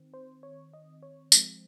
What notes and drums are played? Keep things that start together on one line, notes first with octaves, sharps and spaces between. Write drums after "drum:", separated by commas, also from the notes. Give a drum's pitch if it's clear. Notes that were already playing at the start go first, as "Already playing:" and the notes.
Already playing: D#3 C4
C5
C#5
D#5
C#5
F3 G#3 C4, drum: tambourine